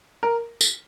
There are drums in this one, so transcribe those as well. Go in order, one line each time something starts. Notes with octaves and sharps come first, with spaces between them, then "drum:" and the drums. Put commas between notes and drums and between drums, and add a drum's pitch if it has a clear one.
A#4
drum: tambourine